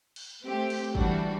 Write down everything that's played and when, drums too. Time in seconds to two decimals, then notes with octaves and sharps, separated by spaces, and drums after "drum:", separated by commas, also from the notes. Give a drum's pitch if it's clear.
0.16 drum: cymbal
0.44 A3 C4 G4
0.70 drum: cymbal
0.95 E3 G3 D4 F#4, drum: kick G1